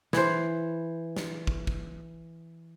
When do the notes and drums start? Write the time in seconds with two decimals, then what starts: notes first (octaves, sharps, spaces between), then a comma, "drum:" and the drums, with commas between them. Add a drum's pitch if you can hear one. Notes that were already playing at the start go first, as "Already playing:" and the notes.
0.13 E3 C5, drum: snare
1.17 drum: snare
1.47 drum: kick
1.67 drum: kick